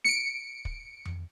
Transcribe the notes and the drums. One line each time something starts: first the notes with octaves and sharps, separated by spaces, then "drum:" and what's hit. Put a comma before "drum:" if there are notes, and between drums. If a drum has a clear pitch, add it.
C#7 D7, drum: snare
drum: kick
drum: tom F2